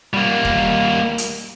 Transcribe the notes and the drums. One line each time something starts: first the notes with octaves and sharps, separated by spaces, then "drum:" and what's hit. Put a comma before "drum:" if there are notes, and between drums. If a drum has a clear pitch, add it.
G3 A#3
drum: kick
drum: hi-hat